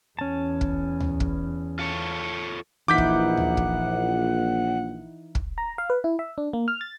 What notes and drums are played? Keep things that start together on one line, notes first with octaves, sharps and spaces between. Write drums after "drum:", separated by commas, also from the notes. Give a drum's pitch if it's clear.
E2 C#4 A5
drum: kick
drum: tom D2
drum: kick
F4 A4 C#5
A#1 E3 D#4 E4 F#5 D6 G6 B6
drum: kick
drum: tom D2
drum: kick
drum: kick
A#5
F5
B4
E4
E5
D4
A#3
F6
A6